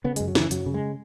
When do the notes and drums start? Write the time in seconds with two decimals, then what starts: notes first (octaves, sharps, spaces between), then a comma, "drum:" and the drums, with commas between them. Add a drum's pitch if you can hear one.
0.04 C#3 B3
0.16 G#3, drum: hi-hat
0.20 F#2
0.28 F#3
0.35 C#3 E3, drum: snare
0.51 F#2 F#3, drum: hi-hat
0.66 C#3
0.74 G#3